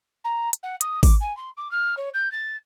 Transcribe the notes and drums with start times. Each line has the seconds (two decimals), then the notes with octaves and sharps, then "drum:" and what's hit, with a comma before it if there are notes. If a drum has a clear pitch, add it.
0.24 A#5
0.53 drum: hi-hat
0.63 F#5
0.81 D#6, drum: hi-hat
1.03 D6, drum: kick G#1, open hi-hat
1.21 G#5
1.37 C6
1.57 D6
1.71 F6
1.97 C#5
2.14 G6
2.32 A6